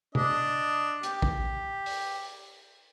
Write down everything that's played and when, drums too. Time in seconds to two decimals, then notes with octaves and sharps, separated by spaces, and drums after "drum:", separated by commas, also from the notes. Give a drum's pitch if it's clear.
0.15 D4 D#5, drum: tom C3
1.03 G4, drum: hi-hat
1.22 drum: kick
1.86 drum: open hi-hat